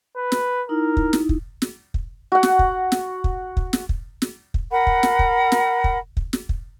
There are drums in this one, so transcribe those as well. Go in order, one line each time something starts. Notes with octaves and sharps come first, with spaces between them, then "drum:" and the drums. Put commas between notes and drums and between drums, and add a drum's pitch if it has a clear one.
B4
drum: snare
D#4 E4 A#4
drum: kick
drum: snare
drum: kick
drum: snare
drum: kick
F#4 F#5
drum: snare
drum: kick
drum: snare
drum: kick
drum: kick
drum: snare
drum: kick
drum: snare
drum: kick
A#4 F#5 B5
drum: kick
drum: snare
drum: kick
drum: snare
drum: kick
drum: kick
drum: snare
drum: kick